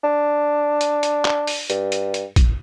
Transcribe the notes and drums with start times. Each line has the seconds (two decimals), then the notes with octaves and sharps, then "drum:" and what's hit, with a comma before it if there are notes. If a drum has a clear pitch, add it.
0.04 D4
0.81 drum: hi-hat
1.03 drum: hi-hat
1.25 drum: clap
1.47 drum: open hi-hat
1.70 G2, drum: hi-hat
1.92 drum: hi-hat
2.14 drum: hi-hat
2.36 drum: kick A#1, hi-hat